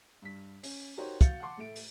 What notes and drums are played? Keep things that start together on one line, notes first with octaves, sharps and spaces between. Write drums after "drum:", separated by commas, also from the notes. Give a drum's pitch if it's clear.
G2 B6
C#4, drum: open hi-hat
D#4 F#4 G4 A#4 C5 C#5
F#4 F5 G6 A6 C#7, drum: kick, hi-hat
F#5 A5 C6 D6
A2 A3 D7
drum: open hi-hat